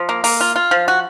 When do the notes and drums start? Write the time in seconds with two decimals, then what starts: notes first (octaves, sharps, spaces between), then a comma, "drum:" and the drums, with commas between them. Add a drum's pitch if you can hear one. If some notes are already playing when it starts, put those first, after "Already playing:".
Already playing: F3
0.09 A#3
0.24 A#3, drum: open hi-hat
0.41 F4
0.56 F4
0.71 F3
0.88 F#4